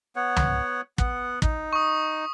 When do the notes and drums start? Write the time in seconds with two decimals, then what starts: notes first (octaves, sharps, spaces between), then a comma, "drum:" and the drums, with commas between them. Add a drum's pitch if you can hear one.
0.16 B3 C#5 F#5
0.36 drum: tom
0.98 B3 F#5, drum: kick
1.42 D#4, drum: kick
1.73 C#6 D#6